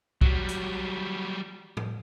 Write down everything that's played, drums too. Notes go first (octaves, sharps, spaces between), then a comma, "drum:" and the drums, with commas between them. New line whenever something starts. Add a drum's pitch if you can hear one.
F#3 G3, drum: kick A#1
drum: hi-hat
drum: tom